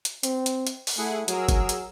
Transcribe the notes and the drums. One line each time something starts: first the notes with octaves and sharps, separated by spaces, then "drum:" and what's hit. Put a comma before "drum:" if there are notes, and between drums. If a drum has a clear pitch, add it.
drum: hi-hat
C4, drum: hi-hat
drum: hi-hat
drum: hi-hat
drum: open hi-hat
A3 E4 G#4 F#5
F#3 G#4 A#4 E6, drum: hi-hat
drum: kick, hi-hat
drum: hi-hat